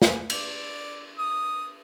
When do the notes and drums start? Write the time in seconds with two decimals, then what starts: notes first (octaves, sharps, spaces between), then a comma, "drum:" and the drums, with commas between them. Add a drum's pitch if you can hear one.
0.02 G#4, drum: snare
0.30 D5, drum: cymbal
1.18 D#6